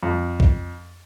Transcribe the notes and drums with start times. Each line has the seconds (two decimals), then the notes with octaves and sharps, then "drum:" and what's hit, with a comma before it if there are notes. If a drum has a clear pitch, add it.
0.03 F2
0.40 drum: kick